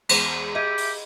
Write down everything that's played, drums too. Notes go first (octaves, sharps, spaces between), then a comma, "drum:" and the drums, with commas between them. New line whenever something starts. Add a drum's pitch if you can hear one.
E2 G#3 C5, drum: cymbal
G4 G#4 D#5 E5
drum: open hi-hat